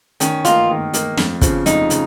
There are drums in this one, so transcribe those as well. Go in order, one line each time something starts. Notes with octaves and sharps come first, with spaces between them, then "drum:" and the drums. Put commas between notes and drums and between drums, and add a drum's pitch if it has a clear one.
D#3 C#4, drum: hi-hat
A#3 D#4 F4, drum: hi-hat
D#3
A#3 D#4, drum: hi-hat
F2, drum: snare
C#3 F3, drum: kick, hi-hat
F2 D#4, drum: hi-hat
C#3, drum: hi-hat